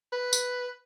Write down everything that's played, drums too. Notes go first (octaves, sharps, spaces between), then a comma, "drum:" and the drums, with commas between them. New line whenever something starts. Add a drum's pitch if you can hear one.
B4
drum: tambourine